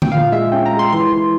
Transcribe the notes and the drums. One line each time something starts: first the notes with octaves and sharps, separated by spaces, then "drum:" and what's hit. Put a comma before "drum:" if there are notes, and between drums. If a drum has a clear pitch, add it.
G5, drum: tom D3
A#2 F5
G#3 E5
C#4 G5
A#5
G#3
C6
E3 C6
E3